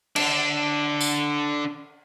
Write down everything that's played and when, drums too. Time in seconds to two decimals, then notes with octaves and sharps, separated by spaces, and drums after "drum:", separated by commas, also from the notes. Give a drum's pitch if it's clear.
0.16 D3 D4, drum: cymbal
1.01 drum: tambourine